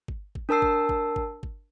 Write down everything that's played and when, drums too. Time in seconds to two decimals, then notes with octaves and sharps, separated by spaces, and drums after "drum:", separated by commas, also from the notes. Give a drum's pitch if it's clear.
0.08 drum: kick G1
0.35 drum: kick G1
0.49 D4 A#4 A5 E6 C7
0.62 drum: kick G1
0.89 drum: kick G1
1.16 drum: kick G1
1.43 drum: kick G1